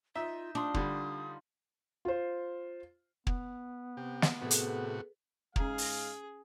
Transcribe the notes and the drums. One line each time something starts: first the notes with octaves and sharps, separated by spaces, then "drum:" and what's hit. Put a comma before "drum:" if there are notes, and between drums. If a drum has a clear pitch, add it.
D#4 F4 E5
D4 F4 C6 D#6
D3 G3, drum: kick
F4 C5
B3, drum: kick
C3 G4
drum: snare
A2 C3 F#4 G#4 A4 B4
drum: hi-hat
G#2 G#3 C#4 G#4 F5 A#5, drum: kick
drum: open hi-hat